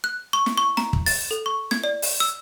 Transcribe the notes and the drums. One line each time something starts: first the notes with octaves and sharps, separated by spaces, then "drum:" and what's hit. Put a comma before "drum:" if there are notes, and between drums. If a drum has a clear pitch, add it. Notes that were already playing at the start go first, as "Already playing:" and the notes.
F#6
C#6
drum: snare
C#6
A#5, drum: snare
drum: kick
A6, drum: open hi-hat
A4
C#6
G#6, drum: snare
D5
drum: open hi-hat
E6